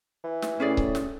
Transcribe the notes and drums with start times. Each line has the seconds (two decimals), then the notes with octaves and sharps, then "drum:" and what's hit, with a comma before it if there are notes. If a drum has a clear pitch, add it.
0.24 E3
0.42 drum: snare
0.60 A2 C#4 G#4 D5
0.77 drum: kick C#1
0.95 drum: snare